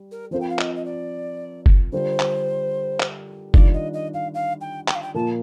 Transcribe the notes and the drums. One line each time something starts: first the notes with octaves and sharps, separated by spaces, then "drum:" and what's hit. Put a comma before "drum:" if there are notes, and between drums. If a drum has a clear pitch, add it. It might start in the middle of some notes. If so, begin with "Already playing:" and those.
Already playing: G3
A#4
F3 C4 F4 A#4 C5
G5
F5
D#5, drum: clap
D#5
D5
drum: kick F#1
D3 G3 D4 F4 A#4 C5
drum: clap
drum: clap
D#3 G3 D4 F4 D5, drum: kick F#1
D#5
D#5
F5
F5
G5
G5, drum: clap
F5
G5
A#2 F3 A#3 F4 A5